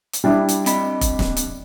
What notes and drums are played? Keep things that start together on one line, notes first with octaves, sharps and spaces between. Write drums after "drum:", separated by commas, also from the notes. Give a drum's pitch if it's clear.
drum: hi-hat
G3 D4 E4
drum: hi-hat
C4 D#5 B5, drum: hi-hat
drum: kick F1, hi-hat
drum: snare
drum: hi-hat